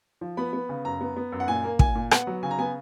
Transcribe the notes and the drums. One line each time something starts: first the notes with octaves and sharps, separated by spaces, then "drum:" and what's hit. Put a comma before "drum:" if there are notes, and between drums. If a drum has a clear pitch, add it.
F3
B3 B5
B3
C#3
F#2 A#5
B3
B3
F#2
F#5
A#2 G#5
A#3
A#2 G#5, drum: kick
A#2
B3 F#5, drum: rim click
F#3
C#3 G#5
A#5
B3 G#5